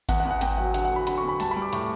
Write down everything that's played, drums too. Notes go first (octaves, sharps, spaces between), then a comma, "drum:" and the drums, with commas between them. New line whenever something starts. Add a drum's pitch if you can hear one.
E2 F#5, drum: kick G#1, hi-hat
F#5
E2
F#5
E2 G5, drum: hi-hat
F#3 F#5
D3 F#5, drum: hi-hat
F#5
F#3
B5
D3 B5, drum: hi-hat
C#6
E2
B5
G3 A5, drum: open hi-hat
B5
G3
D6
A2 C#6, drum: hi-hat